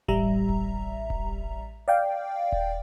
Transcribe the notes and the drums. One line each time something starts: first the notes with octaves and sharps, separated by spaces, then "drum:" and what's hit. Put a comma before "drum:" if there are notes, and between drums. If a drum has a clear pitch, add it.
A1 G3 E5 A#5, drum: kick D#1
drum: kick D#1
drum: kick D#1
D5 F5 G5
drum: kick D#1